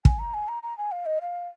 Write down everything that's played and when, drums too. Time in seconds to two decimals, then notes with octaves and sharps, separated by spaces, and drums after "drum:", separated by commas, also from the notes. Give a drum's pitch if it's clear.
0.05 G#5, drum: kick
0.19 A#5
0.34 G#5
0.48 A#5
0.63 A#5
0.78 G#5
0.92 F5
1.06 D#5
1.22 F5